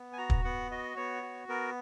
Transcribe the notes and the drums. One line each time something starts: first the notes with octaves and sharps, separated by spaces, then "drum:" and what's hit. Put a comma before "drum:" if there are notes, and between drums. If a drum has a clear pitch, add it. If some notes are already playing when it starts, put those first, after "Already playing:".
Already playing: B3
G#5
F#4 A#5
drum: kick
B3 F#5
F#4 D#5
B3 C#5
F#4
B3 A#4